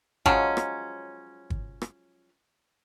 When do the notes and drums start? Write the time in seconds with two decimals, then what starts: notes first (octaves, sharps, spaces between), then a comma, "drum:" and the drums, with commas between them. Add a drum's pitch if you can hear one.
0.26 F3 F#3 G#3 C#4, drum: kick
0.57 drum: rim click
1.50 drum: kick
1.82 drum: rim click